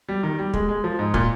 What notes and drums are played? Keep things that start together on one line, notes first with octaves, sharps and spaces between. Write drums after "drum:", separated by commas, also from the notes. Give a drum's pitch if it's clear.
G3
D#3
G3
G#3, drum: kick
G#3
F3
G#2
A#2, drum: kick